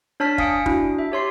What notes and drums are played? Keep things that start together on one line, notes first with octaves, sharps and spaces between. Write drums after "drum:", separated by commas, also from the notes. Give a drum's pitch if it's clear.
D4 C#5 A5 F6 B6
F5 G#5 D#6 C#7 D7, drum: kick
D4 E4 F#4, drum: kick
E5
G4 C#5 C6 C7